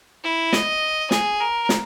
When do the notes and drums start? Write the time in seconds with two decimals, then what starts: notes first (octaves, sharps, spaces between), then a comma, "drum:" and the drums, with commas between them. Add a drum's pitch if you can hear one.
0.23 E4
0.53 D#5, drum: snare
1.11 G#4, drum: snare
1.40 A#4
1.69 drum: snare